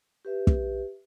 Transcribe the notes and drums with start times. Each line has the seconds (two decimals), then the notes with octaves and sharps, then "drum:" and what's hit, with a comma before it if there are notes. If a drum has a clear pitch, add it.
0.25 G4 B4 E5
0.47 drum: kick